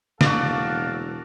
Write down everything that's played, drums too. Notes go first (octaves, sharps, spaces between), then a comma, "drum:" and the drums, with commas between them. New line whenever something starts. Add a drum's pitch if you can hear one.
E1 D3 A#3 F#4 A4 D5 F5, drum: snare